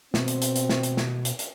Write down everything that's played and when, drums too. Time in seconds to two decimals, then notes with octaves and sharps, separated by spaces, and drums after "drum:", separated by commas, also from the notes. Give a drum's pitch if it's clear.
0.14 B2 C4, drum: snare
0.28 drum: hi-hat
0.42 drum: hi-hat
0.56 drum: hi-hat
0.69 drum: snare
0.83 drum: hi-hat
0.97 drum: snare
1.25 drum: hi-hat
1.39 drum: hi-hat